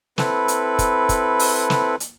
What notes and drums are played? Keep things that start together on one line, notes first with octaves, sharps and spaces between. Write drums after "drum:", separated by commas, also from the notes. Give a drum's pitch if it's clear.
C4 E4 A4 B4, drum: snare
drum: hi-hat
drum: kick, hi-hat
drum: kick, hi-hat
drum: open hi-hat
drum: snare
drum: hi-hat